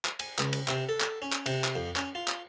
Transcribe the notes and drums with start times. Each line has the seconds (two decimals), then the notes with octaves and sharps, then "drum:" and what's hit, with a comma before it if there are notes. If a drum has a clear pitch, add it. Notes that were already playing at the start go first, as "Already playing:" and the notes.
0.05 drum: clap
0.19 G#5, drum: cymbal
0.39 C#2, drum: clap
0.53 drum: cymbal
0.68 C3, drum: clap
0.89 A4
1.00 drum: clap
1.22 C#4
1.32 drum: clap
1.46 C3, drum: cymbal
1.64 drum: clap
1.76 F2
1.96 C#4, drum: clap
2.15 F4
2.28 drum: clap